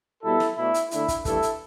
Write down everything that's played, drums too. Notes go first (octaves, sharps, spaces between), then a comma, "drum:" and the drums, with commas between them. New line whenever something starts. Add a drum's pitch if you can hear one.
B2 G3 B3 E4 A4
drum: snare
B2 A3 D4 E4
drum: hi-hat
D3 A3 D4 E4, drum: hi-hat
drum: kick, hi-hat
G2 E3 A3 D4 E4 A4, drum: kick, hi-hat
drum: hi-hat